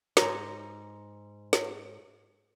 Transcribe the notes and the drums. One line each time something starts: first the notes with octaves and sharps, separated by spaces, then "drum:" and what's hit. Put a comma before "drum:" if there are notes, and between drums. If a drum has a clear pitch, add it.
G#2 A#5, drum: snare
drum: snare